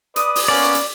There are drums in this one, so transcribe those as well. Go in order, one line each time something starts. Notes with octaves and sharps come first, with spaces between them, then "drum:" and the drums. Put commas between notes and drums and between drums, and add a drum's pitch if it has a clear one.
B4 D5 D#6, drum: hi-hat
drum: open hi-hat
A#3 B3 C#4 D5
drum: hi-hat